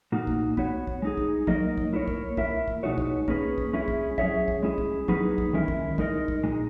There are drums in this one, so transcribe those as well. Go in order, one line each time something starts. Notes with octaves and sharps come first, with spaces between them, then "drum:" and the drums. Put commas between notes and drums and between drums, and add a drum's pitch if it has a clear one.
A#2 A#3 D#4 F#4
drum: kick
B3 F#4 C#5, drum: kick
drum: kick
G#3 D#4 G#4
drum: kick
F#3 A#3 D#4 A#4 D#5, drum: kick
drum: kick
A#3 E4 A#4 C#5
drum: kick
A#3 E4 A#4 E5, drum: kick
drum: kick
B2 G#3 D#4 F#4 C#5
drum: kick
A#3 C#4 G#4 B4, drum: kick
drum: kick
G#3 C#4 E4 G#4
drum: kick
F#3 C#4 G#4 C#5 E5, drum: kick
drum: kick
G#3 C#4 E4 G#4
drum: kick
F#3 A#3 D#4 G#4 B4, drum: kick
drum: kick
D#3 G#3 C#4 E4 A#4
drum: kick
G#3 D#4 A#4 D#5, drum: kick
drum: kick
A#2 G#3 D#4